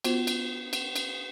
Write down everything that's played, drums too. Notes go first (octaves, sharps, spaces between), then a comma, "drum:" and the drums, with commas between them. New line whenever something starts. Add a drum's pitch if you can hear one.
B3 F4 F#4 C5, drum: cymbal
drum: cymbal
drum: cymbal
drum: cymbal